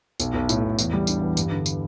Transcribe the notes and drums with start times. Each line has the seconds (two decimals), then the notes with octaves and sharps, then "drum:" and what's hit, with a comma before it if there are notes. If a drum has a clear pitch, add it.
0.20 B1, drum: tambourine
0.34 B1
0.49 A2, drum: tambourine
0.63 B1
0.79 E2, drum: tambourine
0.93 G3
1.07 D4, drum: tambourine
1.22 E2
1.37 G2, drum: tambourine
1.52 D3
1.66 drum: tambourine